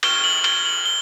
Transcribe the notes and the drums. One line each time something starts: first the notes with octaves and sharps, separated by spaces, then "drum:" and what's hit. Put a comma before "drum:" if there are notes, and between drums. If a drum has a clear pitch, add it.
C#6 F6 G7, drum: cymbal
F#7
G7, drum: cymbal
F#7
G7